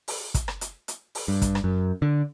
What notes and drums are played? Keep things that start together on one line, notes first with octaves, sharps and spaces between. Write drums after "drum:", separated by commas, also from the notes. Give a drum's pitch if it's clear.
drum: open hi-hat
drum: kick, hi-hat
drum: rim click
drum: hi-hat
drum: hi-hat
drum: open hi-hat
G2
drum: kick, hi-hat
drum: rim click
F#2
D3